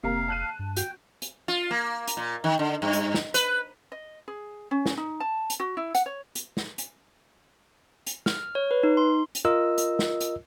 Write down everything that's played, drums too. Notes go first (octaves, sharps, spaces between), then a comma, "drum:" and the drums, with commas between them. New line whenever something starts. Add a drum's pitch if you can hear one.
F1 C3 A#3 F5 A#5
A5 F#6 D#7
G2
F#4 G5, drum: hi-hat
drum: hi-hat
F4
A#3
drum: hi-hat
A#2
D#3
D3
G2
drum: hi-hat
drum: snare
B4, drum: hi-hat
D#5
G#4
C#4
drum: snare
D#4
A5
drum: hi-hat
F#4
E4
F#5, drum: hi-hat
C#5
drum: hi-hat
drum: snare
drum: hi-hat
drum: hi-hat
F6, drum: snare
C#5
B4
D#4
C6
drum: hi-hat
F4 A#4 D#5 E6
drum: hi-hat
drum: snare
drum: hi-hat